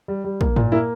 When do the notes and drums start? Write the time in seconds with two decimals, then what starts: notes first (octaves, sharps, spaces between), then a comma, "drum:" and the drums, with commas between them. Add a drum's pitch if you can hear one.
0.08 G3
0.24 G3
0.41 A#3, drum: kick
0.56 A#2, drum: tom G2
0.72 A#3 E4